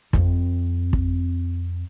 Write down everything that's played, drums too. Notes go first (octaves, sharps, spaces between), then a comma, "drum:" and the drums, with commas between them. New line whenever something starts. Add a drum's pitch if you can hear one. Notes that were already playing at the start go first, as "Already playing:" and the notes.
F2 C4, drum: kick
drum: kick